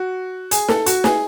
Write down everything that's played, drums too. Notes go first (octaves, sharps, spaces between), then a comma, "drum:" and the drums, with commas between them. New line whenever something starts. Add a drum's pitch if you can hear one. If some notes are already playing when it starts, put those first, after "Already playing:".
Already playing: F#4
G#4, drum: hi-hat
A4, drum: snare
F#4, drum: hi-hat
G#4, drum: snare